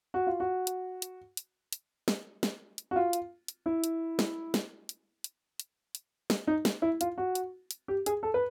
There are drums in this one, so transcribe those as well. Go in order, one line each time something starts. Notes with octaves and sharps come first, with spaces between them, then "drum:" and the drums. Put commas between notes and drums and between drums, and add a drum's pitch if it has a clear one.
F#4
F4
F#4
drum: hi-hat
drum: hi-hat
drum: hi-hat
drum: hi-hat
drum: snare
drum: snare
drum: hi-hat
F#4
F4
drum: hi-hat
drum: hi-hat
E4
drum: hi-hat
drum: snare
drum: snare
drum: hi-hat
drum: hi-hat
drum: hi-hat
drum: hi-hat
drum: snare
D#4
drum: snare
E4
F4, drum: hi-hat
F#4
drum: hi-hat
drum: hi-hat
G4
G#4, drum: hi-hat
A4
B4